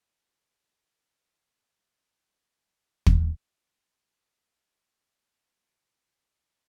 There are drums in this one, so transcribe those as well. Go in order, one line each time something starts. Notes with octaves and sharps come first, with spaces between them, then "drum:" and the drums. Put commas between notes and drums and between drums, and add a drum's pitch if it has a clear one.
B3 C4 D4 C5 C#5 F5
A2 D#3 A3 C#4 F5 G5 G6
F2 B2
drum: kick
C3
A#3 D4 D#4 G#4 A4
G#2
F#4 G#4 B4 E5 G5 A5
C#3 E3 F#3
C#4 E5